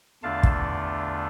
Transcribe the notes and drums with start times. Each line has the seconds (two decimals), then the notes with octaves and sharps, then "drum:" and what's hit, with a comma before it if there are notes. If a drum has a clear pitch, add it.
0.23 E2 D3 A3 D4 F4 F5 A5
0.43 drum: kick